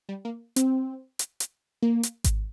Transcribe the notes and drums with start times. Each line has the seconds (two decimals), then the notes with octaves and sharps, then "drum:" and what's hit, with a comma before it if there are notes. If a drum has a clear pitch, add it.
0.09 G3
0.25 A#3
0.56 C4, drum: hi-hat
1.19 drum: hi-hat
1.40 drum: hi-hat
1.82 A#3
2.03 drum: hi-hat
2.24 drum: kick G#1, hi-hat